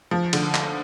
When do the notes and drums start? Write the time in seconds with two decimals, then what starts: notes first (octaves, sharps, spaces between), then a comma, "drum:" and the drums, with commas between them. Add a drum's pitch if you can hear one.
0.11 F3
0.33 D3, drum: cymbal
0.54 drum: clap